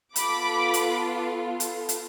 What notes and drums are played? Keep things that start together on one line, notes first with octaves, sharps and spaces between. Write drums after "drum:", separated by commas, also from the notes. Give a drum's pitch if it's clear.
B3 F4 A4 B5 D6, drum: hi-hat
drum: hi-hat
drum: hi-hat
drum: hi-hat